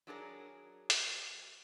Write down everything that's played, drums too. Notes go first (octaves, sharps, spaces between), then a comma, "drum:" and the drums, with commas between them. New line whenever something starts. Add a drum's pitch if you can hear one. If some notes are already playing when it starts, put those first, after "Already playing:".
F#3 D4 G#4 A#4
drum: hi-hat